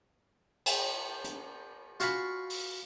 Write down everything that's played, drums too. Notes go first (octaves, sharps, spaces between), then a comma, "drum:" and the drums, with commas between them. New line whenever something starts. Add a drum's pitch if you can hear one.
drum: cymbal
drum: hi-hat
F4 F#4 F5 G#5 B5 C#6, drum: hi-hat
drum: open hi-hat